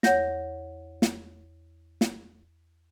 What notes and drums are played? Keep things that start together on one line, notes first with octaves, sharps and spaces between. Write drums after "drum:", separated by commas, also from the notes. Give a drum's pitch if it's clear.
E2 C#5 F#5 G6 A#6, drum: snare
drum: snare
drum: snare